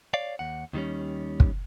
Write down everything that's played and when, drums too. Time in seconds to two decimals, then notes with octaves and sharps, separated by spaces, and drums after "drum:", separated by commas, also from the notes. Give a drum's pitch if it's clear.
0.14 C#5 D5 F5
0.39 D#2 F#5
0.73 D#2 D#3 G3 C#4
1.40 drum: kick